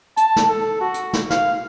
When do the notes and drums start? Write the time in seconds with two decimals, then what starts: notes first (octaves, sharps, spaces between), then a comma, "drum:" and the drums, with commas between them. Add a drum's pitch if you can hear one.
0.17 A5, drum: hi-hat
0.36 drum: snare
0.49 A4
0.81 F#4
0.94 drum: hi-hat
1.13 drum: snare
1.30 F5, drum: snare